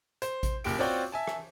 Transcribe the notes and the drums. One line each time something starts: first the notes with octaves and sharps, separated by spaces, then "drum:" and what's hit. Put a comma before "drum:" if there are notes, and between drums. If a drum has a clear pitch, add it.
C5, drum: hi-hat
drum: kick A1, hi-hat
F#1 A#2 G4 D7, drum: open hi-hat
C4 F4 F#4 C#5 D5 G5
E5 G#5 A5
drum: rim click